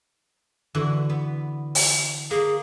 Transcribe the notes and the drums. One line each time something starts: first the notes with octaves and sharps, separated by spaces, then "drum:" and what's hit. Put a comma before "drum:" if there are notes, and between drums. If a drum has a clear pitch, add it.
D3 E3 F#4
B3
drum: open hi-hat
A#3 G#4